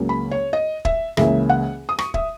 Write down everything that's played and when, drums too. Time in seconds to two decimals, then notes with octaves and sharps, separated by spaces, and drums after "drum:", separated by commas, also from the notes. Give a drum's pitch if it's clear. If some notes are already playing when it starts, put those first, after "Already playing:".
Already playing: C#2 C#3 F#3 A#3 C#4
0.09 B5
0.31 C#5
0.53 D#5
0.85 E5, drum: kick
1.17 C#2 C#3 E3 A#3 C#4 E5, drum: rim click
1.49 F#5
1.89 D#6
1.99 C#6, drum: rim click
2.14 E5, drum: kick